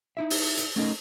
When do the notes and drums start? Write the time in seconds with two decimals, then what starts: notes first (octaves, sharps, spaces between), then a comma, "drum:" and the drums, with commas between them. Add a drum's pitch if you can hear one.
0.17 D#4 E4 E5
0.30 drum: open hi-hat
0.57 drum: hi-hat
0.76 A3 C#4 D#4 A#4